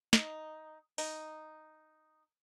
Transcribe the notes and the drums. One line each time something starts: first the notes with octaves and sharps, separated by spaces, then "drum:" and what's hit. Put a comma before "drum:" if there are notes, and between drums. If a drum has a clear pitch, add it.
D#4, drum: snare
D#4, drum: open hi-hat